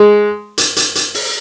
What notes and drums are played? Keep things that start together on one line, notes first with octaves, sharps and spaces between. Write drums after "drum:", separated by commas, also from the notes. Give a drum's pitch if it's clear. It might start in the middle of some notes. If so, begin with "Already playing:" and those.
Already playing: G#3
drum: hi-hat
drum: hi-hat
drum: hi-hat
drum: open hi-hat